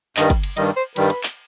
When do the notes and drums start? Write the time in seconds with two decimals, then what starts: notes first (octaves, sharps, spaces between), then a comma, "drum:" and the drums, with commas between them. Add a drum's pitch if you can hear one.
0.17 G2 D#3 G3 D#5, drum: clap
0.30 drum: kick, cymbal
0.43 drum: cymbal
0.57 G2 D#3 G3 D#5, drum: cymbal
0.76 C5
0.96 G2 D#3 G3 B4, drum: cymbal
1.10 drum: cymbal
1.23 drum: clap